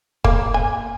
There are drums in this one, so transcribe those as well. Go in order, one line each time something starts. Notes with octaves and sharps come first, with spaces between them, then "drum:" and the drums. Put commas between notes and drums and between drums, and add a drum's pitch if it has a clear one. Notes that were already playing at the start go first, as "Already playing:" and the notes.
A#3, drum: kick
G#5